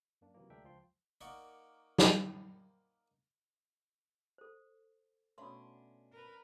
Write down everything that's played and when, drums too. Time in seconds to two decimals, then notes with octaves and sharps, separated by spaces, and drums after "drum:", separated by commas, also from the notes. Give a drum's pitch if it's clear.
0.21 F#2 A#3 D4
0.34 C3 D#3 E3 F#3 A#3
0.50 D2 G#3 D4 A#4 E5 G5
0.64 C#2 F3 F4 G5 C6
1.21 A#3 D#4 A#4 D5 F#5 C#6
1.98 drum: snare
4.38 A4 C5
5.38 B2 A3 C#4 D4 C6
6.12 A#4 B4